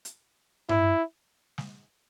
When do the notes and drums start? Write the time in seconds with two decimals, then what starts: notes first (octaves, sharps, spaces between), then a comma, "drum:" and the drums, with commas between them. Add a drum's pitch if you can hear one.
0.05 drum: hi-hat
0.69 E4, drum: tom G2
1.58 drum: snare